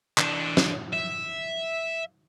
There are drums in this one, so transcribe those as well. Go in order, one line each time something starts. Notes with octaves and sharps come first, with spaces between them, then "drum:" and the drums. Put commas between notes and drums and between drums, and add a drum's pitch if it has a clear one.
E3 D4, drum: clap
drum: snare
E5